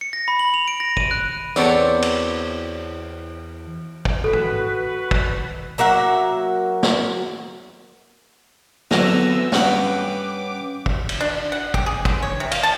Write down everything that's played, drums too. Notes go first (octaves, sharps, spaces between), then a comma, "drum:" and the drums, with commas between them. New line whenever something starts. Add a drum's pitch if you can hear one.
C#7
A#6
B5
F#7
F7
D7
A#6
D#7, drum: kick
F#6
E2 B3 C4 A4 C#5 D5, drum: tambourine
drum: cymbal
drum: kick
F#4 A4 B4
drum: tom
drum: kick
F#3 A#3 E5 F#5
drum: snare
D3 E3 F#3 B3 C4 E6 A#6, drum: snare
G2 B3 C#4 F#5 G5 D6, drum: snare
drum: kick
drum: cymbal
D4
F#5
G4, drum: kick
G#4
D3, drum: kick
C#5
C3
F5, drum: cymbal
A5